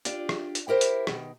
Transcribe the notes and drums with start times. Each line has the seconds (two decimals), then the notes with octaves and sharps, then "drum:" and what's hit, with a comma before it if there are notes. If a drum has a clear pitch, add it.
0.05 D4 F4 G4, drum: hi-hat
0.29 drum: rim click
0.55 drum: hi-hat
0.68 E4 G4 A#4 C5
0.81 drum: hi-hat
1.07 B2 D#3, drum: rim click